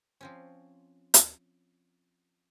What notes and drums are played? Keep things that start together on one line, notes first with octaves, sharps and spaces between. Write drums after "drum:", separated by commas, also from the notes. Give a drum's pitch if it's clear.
F3 C4 C#4
drum: hi-hat